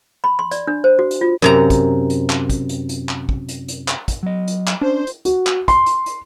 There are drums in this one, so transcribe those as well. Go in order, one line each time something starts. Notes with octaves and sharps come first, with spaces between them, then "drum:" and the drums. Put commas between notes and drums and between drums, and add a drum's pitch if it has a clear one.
B5
C6
D5, drum: hi-hat
D4
C5
F#4
drum: hi-hat
F4
F#2 C3 A#5
drum: kick, hi-hat
drum: hi-hat
drum: clap
drum: kick, hi-hat
drum: hi-hat
drum: hi-hat
drum: clap
drum: kick
drum: hi-hat
drum: hi-hat
drum: clap
drum: kick, hi-hat
F#3 D#5
drum: hi-hat
drum: clap
C#4 D4 C5
drum: hi-hat
F#4, drum: hi-hat
drum: clap
C6, drum: kick, hi-hat
drum: hi-hat
drum: hi-hat